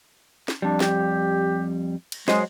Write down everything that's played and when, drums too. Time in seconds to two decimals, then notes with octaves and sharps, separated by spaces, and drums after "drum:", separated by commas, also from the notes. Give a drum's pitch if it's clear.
0.48 drum: snare
0.62 F2 G3 D4
0.80 G4, drum: snare
2.12 drum: cymbal
2.28 F#3 G#3 C5 D#5, drum: snare